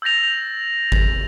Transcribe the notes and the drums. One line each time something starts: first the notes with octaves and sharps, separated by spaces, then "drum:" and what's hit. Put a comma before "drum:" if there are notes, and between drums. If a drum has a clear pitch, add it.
E6 G6 A6 A#6 F7
drum: kick G1